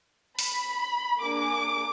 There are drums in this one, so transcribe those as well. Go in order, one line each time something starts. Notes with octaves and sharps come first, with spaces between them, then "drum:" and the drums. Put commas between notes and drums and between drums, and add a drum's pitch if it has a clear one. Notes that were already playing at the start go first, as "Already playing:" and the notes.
B5, drum: open hi-hat
A#3 D4 G#4 D6